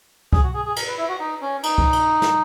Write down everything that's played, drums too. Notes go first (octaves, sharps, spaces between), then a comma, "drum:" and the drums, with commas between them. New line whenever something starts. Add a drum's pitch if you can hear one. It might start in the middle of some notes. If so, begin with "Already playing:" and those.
G#4, drum: kick C2
F#4
G#4
G#4
A#4, drum: cymbal
B4
E4
F#4
D#4
C#4
D#4, drum: cymbal
drum: kick C2
drum: cymbal
drum: snare